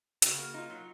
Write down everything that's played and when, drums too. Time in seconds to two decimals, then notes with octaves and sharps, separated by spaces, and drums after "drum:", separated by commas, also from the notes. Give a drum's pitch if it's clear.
0.22 C#3 F#4, drum: hi-hat
0.38 A#3
0.54 D#4 F4
0.70 F#3